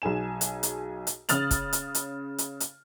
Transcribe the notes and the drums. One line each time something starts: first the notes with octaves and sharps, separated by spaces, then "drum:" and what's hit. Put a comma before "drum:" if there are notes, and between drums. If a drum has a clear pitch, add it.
B1 G#4 G#5 E7
drum: hi-hat
drum: hi-hat
drum: hi-hat
C#3 D#6 F6 A6 F7 F#7, drum: hi-hat
drum: kick, hi-hat
drum: hi-hat
drum: hi-hat
drum: hi-hat
drum: hi-hat